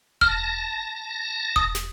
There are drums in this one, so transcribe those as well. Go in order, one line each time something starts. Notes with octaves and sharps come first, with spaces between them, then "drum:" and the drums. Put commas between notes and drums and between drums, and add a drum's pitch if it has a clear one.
A5 F6 A#6, drum: kick E1
D#6, drum: kick E1
drum: snare